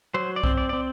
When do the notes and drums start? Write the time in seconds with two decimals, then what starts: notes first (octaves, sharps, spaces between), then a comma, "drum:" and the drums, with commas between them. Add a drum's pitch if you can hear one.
0.14 F#3 C5
0.36 D5
0.44 C4, drum: kick B1
0.57 D5
0.69 C4 D5